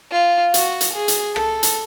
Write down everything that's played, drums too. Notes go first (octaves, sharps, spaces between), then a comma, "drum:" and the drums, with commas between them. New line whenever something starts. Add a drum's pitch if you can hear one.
F4
F#4, drum: hi-hat
drum: hi-hat
G#4
drum: hi-hat
A4, drum: rim click
drum: hi-hat